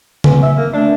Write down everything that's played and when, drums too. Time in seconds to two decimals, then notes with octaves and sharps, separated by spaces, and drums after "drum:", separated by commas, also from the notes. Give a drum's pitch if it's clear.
0.24 C4 B4 G#5, drum: tom C#3
0.42 E5
0.57 A#3
0.74 A3 D4 E5